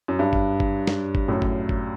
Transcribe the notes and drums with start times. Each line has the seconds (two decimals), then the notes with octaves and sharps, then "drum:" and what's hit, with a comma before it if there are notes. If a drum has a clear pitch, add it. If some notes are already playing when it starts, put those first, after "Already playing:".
0.08 F#2
0.19 G2
0.33 drum: kick G1
0.60 drum: kick G1
0.87 drum: snare
1.15 drum: kick G1
1.28 F#2 A2
1.42 drum: kick G1
1.69 drum: kick G1